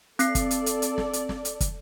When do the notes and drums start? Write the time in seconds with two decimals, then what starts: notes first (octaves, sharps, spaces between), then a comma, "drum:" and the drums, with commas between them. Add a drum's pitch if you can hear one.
0.19 C4 A4 D5 C7, drum: hi-hat
0.35 drum: kick, hi-hat
0.51 drum: hi-hat
0.66 drum: hi-hat
0.82 drum: hi-hat
0.98 drum: snare
1.13 drum: hi-hat
1.29 drum: snare
1.45 drum: hi-hat
1.60 drum: kick, hi-hat